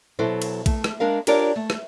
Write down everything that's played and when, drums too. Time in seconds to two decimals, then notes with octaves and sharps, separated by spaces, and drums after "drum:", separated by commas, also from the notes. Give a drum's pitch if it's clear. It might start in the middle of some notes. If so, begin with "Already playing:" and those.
0.19 B2 F#3 E4 A4 C5
0.42 drum: cymbal
0.66 A3, drum: kick A#1, cymbal
0.84 drum: rim click
1.00 G#3 D4 A#4 F5
1.27 D4 F4 G4 A#4 C#5 D5, drum: cymbal
1.56 A3
1.70 drum: rim click